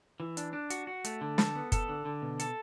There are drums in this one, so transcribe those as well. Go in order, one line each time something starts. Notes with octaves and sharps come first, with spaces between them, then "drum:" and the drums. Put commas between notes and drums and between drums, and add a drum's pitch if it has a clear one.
E3
D4, drum: hi-hat
D4
F#4, drum: hi-hat
F#4
A3, drum: hi-hat
D3
A4, drum: snare
B3
A4, drum: kick F#1, hi-hat
D3
D3
B2
A4, drum: hi-hat